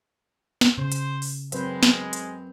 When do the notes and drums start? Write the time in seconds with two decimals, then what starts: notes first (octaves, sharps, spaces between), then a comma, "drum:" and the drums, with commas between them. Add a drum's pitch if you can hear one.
0.61 drum: snare
0.78 C#3 C5
0.92 drum: hi-hat
1.22 drum: open hi-hat
1.52 F#2 G#3 C4 B4 C5, drum: hi-hat
1.83 drum: snare
2.13 drum: hi-hat